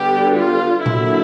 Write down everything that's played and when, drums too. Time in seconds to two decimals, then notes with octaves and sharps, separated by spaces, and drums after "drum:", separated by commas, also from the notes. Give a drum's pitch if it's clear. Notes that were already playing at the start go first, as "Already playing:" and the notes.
Already playing: D3 G3 B3 G4
0.36 F4
0.86 D3 F#3 A#3 E4, drum: tom A#2